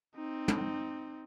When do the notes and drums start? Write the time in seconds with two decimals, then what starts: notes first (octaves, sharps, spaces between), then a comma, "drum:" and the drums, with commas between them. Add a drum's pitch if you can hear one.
0.15 C4 D#4
0.48 drum: tom